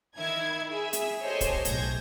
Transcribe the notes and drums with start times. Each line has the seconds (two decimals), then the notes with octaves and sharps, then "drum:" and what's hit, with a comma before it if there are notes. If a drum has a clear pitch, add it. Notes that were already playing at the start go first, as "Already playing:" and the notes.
0.18 D#3 E4 G#6
0.69 G#4 E5
0.93 drum: hi-hat
1.24 G4 A4 C5 C#5 D#5 G#5
1.41 drum: kick, hi-hat
1.65 B1 A2 G6 G#6 A#6, drum: hi-hat